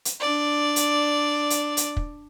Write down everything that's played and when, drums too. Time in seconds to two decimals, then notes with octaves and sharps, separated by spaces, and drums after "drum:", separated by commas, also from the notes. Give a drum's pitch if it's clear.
0.05 drum: hi-hat
0.20 D4 D5
0.76 drum: hi-hat
1.50 drum: hi-hat
1.77 drum: hi-hat
1.97 drum: kick